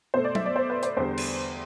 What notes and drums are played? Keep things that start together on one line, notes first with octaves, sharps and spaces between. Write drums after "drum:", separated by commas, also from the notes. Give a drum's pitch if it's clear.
B2 A3 C5
D5
E5, drum: tom F#3
D5
C5
B4
C5, drum: hi-hat
E2 D3 G3 C5
drum: cymbal